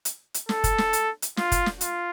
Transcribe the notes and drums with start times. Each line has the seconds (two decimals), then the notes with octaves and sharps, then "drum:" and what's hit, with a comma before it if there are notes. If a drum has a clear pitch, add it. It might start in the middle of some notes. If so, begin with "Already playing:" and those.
0.05 drum: hi-hat
0.34 drum: hi-hat
0.49 A4, drum: snare
0.64 drum: kick, hi-hat
0.78 drum: snare
0.93 drum: hi-hat
1.22 drum: hi-hat
1.37 F4, drum: snare
1.52 drum: kick, hi-hat
1.66 drum: snare
1.81 F4, drum: hi-hat